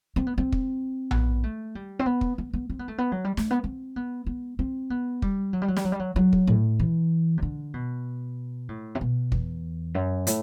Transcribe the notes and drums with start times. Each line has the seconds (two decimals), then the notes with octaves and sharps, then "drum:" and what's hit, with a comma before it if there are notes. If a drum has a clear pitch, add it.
0.16 C4
0.27 B3
0.38 C4
0.52 drum: kick
1.11 B3, drum: tom A#1
1.44 A3
1.75 G3
1.99 C4
2.06 B3
2.21 drum: kick
2.38 B3
2.53 B3
2.70 C4
2.79 B3
2.88 A3
2.98 B3
3.12 F#3
3.24 G3
3.37 A3, drum: snare
3.51 B3
3.64 C4
3.96 B3
4.26 B3
4.59 C4
4.90 B3
5.22 G3, drum: kick
5.53 F#3
5.62 G3
5.68 F#3
5.77 G3, drum: snare
5.84 F#3
5.92 G3
6.00 F#3
6.16 F#3
6.33 drum: kick
6.47 A2
6.80 E3
7.38 C3
7.42 D3
7.74 B2
8.69 A2
8.95 C3
9.01 B2
9.32 E2, drum: kick
9.95 F#2
10.27 A2, drum: hi-hat